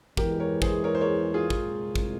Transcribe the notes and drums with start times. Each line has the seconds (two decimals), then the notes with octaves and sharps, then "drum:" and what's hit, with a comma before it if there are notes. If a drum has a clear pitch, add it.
0.17 E2 E3 G#3 G4 A#4, drum: kick
0.40 A#4 C#5
0.62 G#4 C5, drum: kick
0.84 A#4 C#5
0.95 C5
1.01 A#4 C#5
1.34 F4 G#4
1.50 C2 A#2 G#3, drum: kick
1.96 drum: kick